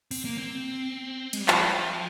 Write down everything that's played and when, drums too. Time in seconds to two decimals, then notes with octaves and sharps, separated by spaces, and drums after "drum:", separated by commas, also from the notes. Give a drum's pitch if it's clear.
0.11 C4, drum: open hi-hat
0.25 A#3
0.37 C4
1.33 G#3, drum: cymbal
1.40 G3
1.48 F3, drum: clap